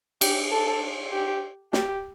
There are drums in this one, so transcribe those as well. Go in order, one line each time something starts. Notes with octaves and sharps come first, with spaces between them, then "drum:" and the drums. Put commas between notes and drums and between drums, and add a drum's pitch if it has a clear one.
G4, drum: cymbal
A4
G4
G4, drum: snare